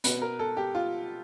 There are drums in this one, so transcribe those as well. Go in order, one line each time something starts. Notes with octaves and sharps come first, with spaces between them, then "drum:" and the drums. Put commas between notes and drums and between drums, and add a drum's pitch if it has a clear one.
B2 B4, drum: hi-hat
A#4
A4
G4
F4